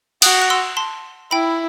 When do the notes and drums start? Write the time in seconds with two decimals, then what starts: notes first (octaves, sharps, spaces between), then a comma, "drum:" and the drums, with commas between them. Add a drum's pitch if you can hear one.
0.22 F#4 D#6 F#6, drum: cymbal
0.42 F#6
0.50 C6 E6
0.77 A5 C6
1.31 E4 G5 B5